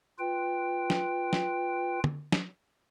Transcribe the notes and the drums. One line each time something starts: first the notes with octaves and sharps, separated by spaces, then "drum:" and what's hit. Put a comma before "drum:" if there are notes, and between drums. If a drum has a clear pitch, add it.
F4 B4 G5
drum: snare
drum: snare
drum: tom
drum: snare